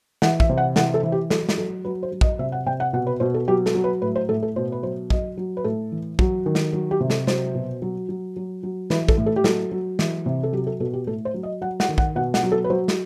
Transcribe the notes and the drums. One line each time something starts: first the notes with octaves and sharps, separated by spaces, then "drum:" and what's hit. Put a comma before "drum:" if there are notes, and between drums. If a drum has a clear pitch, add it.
E3 F#5, drum: snare
E5, drum: kick
C3
F#5
E3 F#5, drum: snare
A4
E3
G4
F#3 A4, drum: snare
drum: snare
F#3 A4
F#3 B4
C5
F#3
D#5, drum: kick
C3 E5
F#5
C3 G5
F#5
B2 F#5
B4
B2 C5
A4
F#3 G4
A4, drum: snare
F#3
B4
A2 B4
C5
A2 A4
A4
B2 C5
B4
F#3 C5
F#3 D#5, drum: kick
F#3
B4
A2 A4
E3
F#3, drum: kick
D#3
drum: snare
F#3
G4
C3
A4, drum: snare
F#3 C5, drum: snare
B2
F#3
F#3
F#3
F#3
E3 B4, drum: snare
A4, drum: kick
A2
A4
G4
F#3 A4, drum: snare
F#3
E3, drum: snare
C3
A4
F#3 G4
A4
B2 A4
G4
A2 A4
C5
F#3
D#5
F#3 F#5
F#5, drum: snare
D#3
F#5, drum: kick
B2 F#5
F#5, drum: snare
F#3
A4
B4
F#3 C5
drum: snare